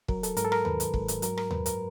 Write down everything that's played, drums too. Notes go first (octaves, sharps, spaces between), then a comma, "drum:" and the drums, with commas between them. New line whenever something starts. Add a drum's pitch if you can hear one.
F#3 A#4, drum: kick
A4, drum: hi-hat
G#2 A#4, drum: hi-hat
A4
A#4, drum: rim click
D#3 B4, drum: tom D#2
drum: hi-hat
G#2, drum: kick
drum: hi-hat
F#3 A#4, drum: hi-hat
A#4, drum: rim click
F#2 B4, drum: tom D#2
A#4, drum: hi-hat